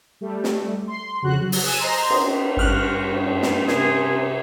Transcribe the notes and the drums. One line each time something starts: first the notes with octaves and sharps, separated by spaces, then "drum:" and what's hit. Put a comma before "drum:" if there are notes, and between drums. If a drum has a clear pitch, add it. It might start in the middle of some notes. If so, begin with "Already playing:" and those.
G3 A3
drum: snare
C6
F2 C#3 F#4 F#6
F#3
drum: open hi-hat
G#5 D#6 E6 F#6 E7
C5 D#5 A#5 C6
drum: cymbal
G#1 G2 F#4 F6 F#6
drum: cymbal
drum: snare
C3 G#4, drum: snare